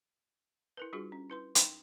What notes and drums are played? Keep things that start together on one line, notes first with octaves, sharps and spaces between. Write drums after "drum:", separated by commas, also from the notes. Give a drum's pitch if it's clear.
E4 A#4 B4
G3 D4 F4 F#4 G#4
C#4
E4 B4 C6
D#4 G5 B5 C6, drum: hi-hat